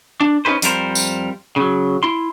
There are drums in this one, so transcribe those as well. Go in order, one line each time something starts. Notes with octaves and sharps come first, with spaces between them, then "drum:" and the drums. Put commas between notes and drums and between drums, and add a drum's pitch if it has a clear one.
D4
C#4 D#4 G#4 B4 C5
F2 G3 A#4 C5, drum: hi-hat
drum: tambourine
C#3 F#3
E4 C6